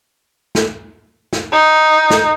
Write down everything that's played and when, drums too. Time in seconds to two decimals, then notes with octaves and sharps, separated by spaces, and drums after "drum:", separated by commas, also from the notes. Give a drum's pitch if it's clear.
0.55 drum: snare
1.33 drum: snare
1.52 D#4
2.10 drum: snare